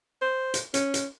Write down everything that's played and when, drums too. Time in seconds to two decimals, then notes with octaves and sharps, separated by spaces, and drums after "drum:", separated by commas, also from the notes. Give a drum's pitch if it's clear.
0.22 C5
0.54 drum: hi-hat
0.74 C#4, drum: hi-hat
0.94 drum: hi-hat